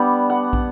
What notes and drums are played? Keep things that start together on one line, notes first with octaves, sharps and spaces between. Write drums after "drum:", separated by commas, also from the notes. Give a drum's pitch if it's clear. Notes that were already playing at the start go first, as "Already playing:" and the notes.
Already playing: G3 B3 D4 F#5
F#5
drum: kick